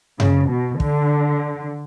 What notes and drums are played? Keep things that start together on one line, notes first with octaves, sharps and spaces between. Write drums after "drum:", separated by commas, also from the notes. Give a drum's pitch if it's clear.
C#3, drum: tom F#2
B2
D3, drum: kick